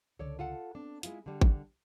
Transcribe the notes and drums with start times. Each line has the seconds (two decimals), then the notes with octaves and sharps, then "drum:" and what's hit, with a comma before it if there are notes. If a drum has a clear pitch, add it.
0.19 C#2 D3 A4 C#5 D5
0.39 F4 A4 F#5
0.75 B3 C4 D4
1.03 G#3 E4 F4, drum: hi-hat
1.26 D3 G3
1.41 drum: kick G#1